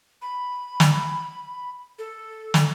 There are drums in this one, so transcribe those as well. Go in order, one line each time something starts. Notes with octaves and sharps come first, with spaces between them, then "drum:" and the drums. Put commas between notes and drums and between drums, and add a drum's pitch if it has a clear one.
B5
drum: snare
A4
drum: snare